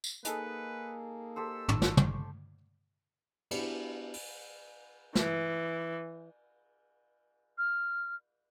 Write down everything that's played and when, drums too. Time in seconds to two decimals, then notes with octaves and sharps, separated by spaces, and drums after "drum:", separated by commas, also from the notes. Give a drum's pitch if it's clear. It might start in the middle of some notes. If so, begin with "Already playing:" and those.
0.04 drum: tambourine
0.25 A#3 D#4 G#4 A4 B4, drum: hi-hat
1.36 G4 A4 C5 E6
1.69 G#1 D#3 C#6, drum: tom
1.82 drum: snare
1.97 drum: tom
3.51 B3 D4 E4 F#4 G4 D5, drum: cymbal
4.13 drum: open hi-hat
5.15 E3, drum: snare
7.58 F6